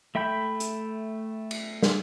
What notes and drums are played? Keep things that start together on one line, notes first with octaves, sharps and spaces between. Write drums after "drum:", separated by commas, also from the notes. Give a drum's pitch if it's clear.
A3 E5 G5 B5 G6
drum: hi-hat
drum: cymbal
drum: snare